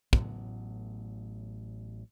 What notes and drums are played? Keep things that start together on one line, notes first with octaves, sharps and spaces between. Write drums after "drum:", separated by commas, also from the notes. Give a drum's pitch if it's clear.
A1 A2 F#3 B3, drum: kick